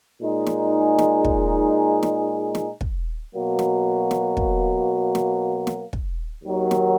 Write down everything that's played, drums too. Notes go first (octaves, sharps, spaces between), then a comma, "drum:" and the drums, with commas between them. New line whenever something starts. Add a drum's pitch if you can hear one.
A#2 G#3 D#4 G#4
drum: snare
drum: snare
drum: kick
drum: snare
drum: snare
drum: kick
B2 F#3 A#3
drum: snare
drum: snare
drum: kick
drum: snare
drum: snare
drum: kick
D#2 D#3 F#3
drum: snare